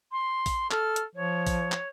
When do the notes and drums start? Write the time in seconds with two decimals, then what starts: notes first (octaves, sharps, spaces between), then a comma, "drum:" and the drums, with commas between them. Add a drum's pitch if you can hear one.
0.12 C6
0.46 drum: kick A1, open hi-hat
0.71 A4 F6, drum: clap
0.96 drum: hi-hat
1.15 F3 C#5
1.47 drum: kick A1, open hi-hat
1.72 drum: clap